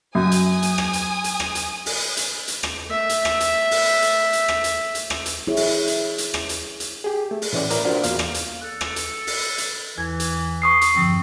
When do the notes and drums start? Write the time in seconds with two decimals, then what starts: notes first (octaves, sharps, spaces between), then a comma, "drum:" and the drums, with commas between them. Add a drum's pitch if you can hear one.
0.15 F#2 G#5 D#6
0.32 drum: hi-hat
0.62 drum: hi-hat
0.78 drum: rim click
0.93 drum: hi-hat
1.24 drum: hi-hat
1.40 drum: rim click
1.55 drum: hi-hat
1.86 drum: open hi-hat
2.17 drum: hi-hat
2.48 drum: hi-hat
2.63 drum: rim click
2.87 A3 E5
3.09 drum: hi-hat
3.25 drum: rim click
3.40 drum: hi-hat
3.71 drum: open hi-hat
4.02 drum: hi-hat
4.33 drum: hi-hat
4.48 drum: rim click
4.64 drum: hi-hat
4.95 drum: hi-hat
5.10 drum: rim click
5.26 drum: hi-hat
5.47 E4 G#4 C#5
5.56 drum: open hi-hat
5.87 drum: hi-hat
6.18 drum: hi-hat
6.34 drum: rim click
6.49 drum: hi-hat
6.80 drum: hi-hat
7.04 G4 G#4
7.31 A3
7.42 drum: open hi-hat
7.53 A2 E3 C#4 D5
7.70 E4 A#4 B4 D5, drum: hi-hat
7.84 D4 F4 F#4 A#4 C5 D5
8.03 E2 A#3 F5, drum: hi-hat
8.19 drum: rim click
8.34 drum: hi-hat
8.61 A4 F#6
8.81 drum: rim click
8.96 drum: hi-hat
9.27 drum: open hi-hat
9.58 drum: hi-hat
9.98 E2 E3 G#6
10.20 drum: hi-hat
10.62 C#6 D#6 C7
10.81 drum: hi-hat
10.95 G2 D3 F3 C4